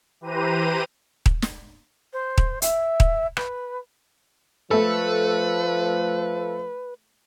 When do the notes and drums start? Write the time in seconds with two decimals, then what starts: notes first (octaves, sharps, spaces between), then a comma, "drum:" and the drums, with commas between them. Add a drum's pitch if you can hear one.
0.21 E3 G4 B4 C5 A#5 D#7
1.26 drum: kick D#1
1.42 drum: snare
2.13 C5
2.38 drum: kick D#1
2.62 E5, drum: hi-hat
3.00 drum: kick D#1
3.37 B4, drum: rim click
4.71 F3 A3 A4 B4